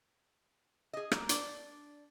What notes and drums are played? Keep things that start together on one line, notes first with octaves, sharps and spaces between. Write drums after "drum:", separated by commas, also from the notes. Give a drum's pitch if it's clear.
G#4 D#5
A#3, drum: rim click
D4 D5, drum: hi-hat